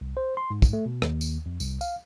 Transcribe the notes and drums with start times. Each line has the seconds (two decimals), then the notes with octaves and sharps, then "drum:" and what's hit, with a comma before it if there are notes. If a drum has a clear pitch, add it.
0.01 C2
0.17 C5
0.37 C6
0.51 G#2
0.62 drum: kick, tambourine
0.73 A3
0.86 B2
1.02 D#2, drum: rim click
1.21 drum: tambourine
1.46 F2
1.60 C2, drum: tambourine
1.81 F5, drum: tambourine